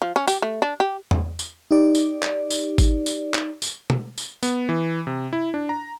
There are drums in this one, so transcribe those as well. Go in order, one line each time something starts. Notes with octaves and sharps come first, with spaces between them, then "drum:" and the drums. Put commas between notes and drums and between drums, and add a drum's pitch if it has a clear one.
F3
C#4
G4, drum: tambourine
A3
D4
G4
drum: tom E2
drum: tambourine
D#4 G4 D5
drum: tambourine
drum: clap
drum: tambourine
drum: kick G#1, tambourine
drum: tambourine
drum: clap
drum: tambourine
drum: tom
drum: tambourine
B3, drum: tambourine
E3
C3
E4
D4
A#5